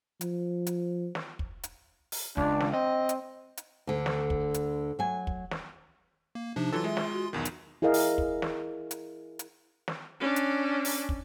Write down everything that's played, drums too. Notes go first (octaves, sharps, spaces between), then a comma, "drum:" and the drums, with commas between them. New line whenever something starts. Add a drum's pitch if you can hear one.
F3, drum: hi-hat
drum: hi-hat
drum: snare
drum: kick
drum: hi-hat
drum: open hi-hat
C#2 D4, drum: kick
drum: snare
C4 D#5
drum: hi-hat
drum: hi-hat
D2 D3
drum: snare
drum: kick
drum: hi-hat
F#3 G#5
drum: kick
drum: snare
A#3
C3 F3 D4 D#4
E3 F#3 F4 A4 C6
G#3 E5
drum: snare
F#4
B1 E2 D#3 D#4
drum: hi-hat
E4 G#4 A#4 D#5 F5
drum: open hi-hat
drum: kick
drum: snare
drum: hi-hat
drum: hi-hat
drum: snare
C#4 D4
drum: hi-hat
drum: open hi-hat
drum: kick